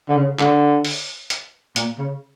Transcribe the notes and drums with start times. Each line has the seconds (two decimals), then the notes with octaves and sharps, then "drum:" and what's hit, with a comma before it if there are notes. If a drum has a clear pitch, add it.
0.09 D3
0.16 C#3
0.39 D3, drum: clap
0.85 drum: open hi-hat
1.30 drum: hi-hat
1.76 A#2, drum: hi-hat
1.99 C#3